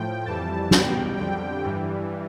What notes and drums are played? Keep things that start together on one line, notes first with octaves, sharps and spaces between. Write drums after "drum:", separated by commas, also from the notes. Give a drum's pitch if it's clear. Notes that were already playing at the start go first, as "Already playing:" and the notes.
Already playing: A2 F3 G5
F2 E3 G3 A5
E2 B2 G3 G5, drum: snare
F2 D3 G3 G5
G2 E3 G3